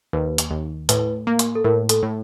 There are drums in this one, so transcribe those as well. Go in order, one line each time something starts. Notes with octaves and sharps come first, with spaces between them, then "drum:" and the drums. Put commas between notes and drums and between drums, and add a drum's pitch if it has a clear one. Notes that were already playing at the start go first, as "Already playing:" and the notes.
D#2 B4
drum: hi-hat
D#2
A2 B4, drum: hi-hat
A#3
drum: hi-hat
A4
A2 A#4
A4, drum: hi-hat
A2